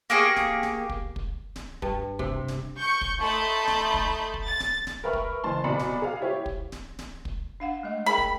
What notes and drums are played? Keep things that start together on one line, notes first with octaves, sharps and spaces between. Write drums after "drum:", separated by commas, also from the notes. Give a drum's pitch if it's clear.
A#3 G4 G#4 C#6
drum: snare D1
drum: snare D1
drum: kick
drum: kick
drum: snare D1
G2, drum: kick
C3, drum: kick
drum: snare D1
C#6 G6 C#7
drum: kick
A3 D#4 A5 B5 C6 G6
drum: snare D1
drum: kick
drum: kick
A6
drum: snare D1
drum: snare D1
A#4 B4 E5 B5 C#6 F6
drum: kick
F#1 E3 A5 C6
B1 C3 D5 A#5 B5 C#7
drum: snare D1
G#4 F5
E4 F4 G4 C#5
drum: kick
drum: snare D1
drum: snare D1
drum: kick
D4 F5 F#5
G#3 A3 D#5
G#4 A#4 G5 B5
drum: kick